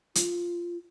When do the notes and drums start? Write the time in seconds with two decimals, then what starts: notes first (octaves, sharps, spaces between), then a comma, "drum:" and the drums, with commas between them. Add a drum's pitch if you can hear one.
0.15 F4, drum: hi-hat